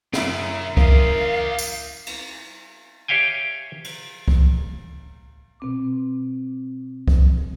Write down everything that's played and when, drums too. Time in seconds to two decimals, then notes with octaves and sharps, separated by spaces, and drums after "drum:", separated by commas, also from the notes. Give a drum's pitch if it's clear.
0.13 F#2 C#3 E4 D7, drum: snare
0.77 G4 A#4 D#5 F5, drum: kick C2
1.59 drum: tambourine
2.07 drum: cymbal
3.08 G4 C#5 E5 F5 G5 G#5
3.84 drum: cymbal
4.28 drum: kick C2
5.60 B2 C4 D6
7.08 drum: kick C2